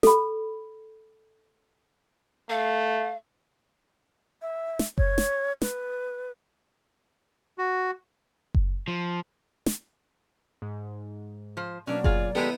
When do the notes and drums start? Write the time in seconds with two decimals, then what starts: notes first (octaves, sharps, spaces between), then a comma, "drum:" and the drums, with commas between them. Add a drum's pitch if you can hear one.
0.03 A4 B5, drum: snare
2.49 A3 F5
4.42 E5
4.79 drum: snare
4.98 C#5, drum: kick F#1
5.18 drum: snare
5.62 B4, drum: snare
7.58 F#4
8.54 drum: kick F#1
8.88 F3
9.66 drum: snare
10.62 G#2
11.57 F3 C5
11.87 B2 F#3 A#3 C#4 D4 D5
12.04 F4 G#4, drum: kick F#1
12.35 G#3 B3 D#4 E4 G4 A4